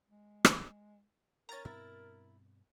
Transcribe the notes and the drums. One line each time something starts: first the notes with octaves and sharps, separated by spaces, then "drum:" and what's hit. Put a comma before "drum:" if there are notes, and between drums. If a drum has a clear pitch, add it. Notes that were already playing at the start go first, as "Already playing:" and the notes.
G#3
drum: rim click
D#3 C#4 A#4 A#5 A6
G2 B2 C4 E4